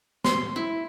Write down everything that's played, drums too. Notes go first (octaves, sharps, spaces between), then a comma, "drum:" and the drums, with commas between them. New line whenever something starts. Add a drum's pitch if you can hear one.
C6, drum: snare
E4